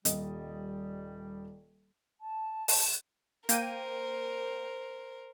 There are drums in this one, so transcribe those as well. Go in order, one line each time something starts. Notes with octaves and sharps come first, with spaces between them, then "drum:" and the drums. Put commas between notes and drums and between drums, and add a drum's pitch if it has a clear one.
D#1 G3 D#5, drum: hi-hat
A5
drum: open hi-hat
A#3 A#4 C5 G5 D#7, drum: hi-hat